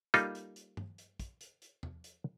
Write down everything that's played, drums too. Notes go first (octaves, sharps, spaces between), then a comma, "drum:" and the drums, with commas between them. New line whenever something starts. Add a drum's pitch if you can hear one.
G3 A#3 D#4 F4 A4, drum: hi-hat
drum: hi-hat
drum: hi-hat
drum: tom G2
drum: hi-hat
drum: kick, hi-hat
drum: hi-hat
drum: hi-hat
drum: tom E2
drum: hi-hat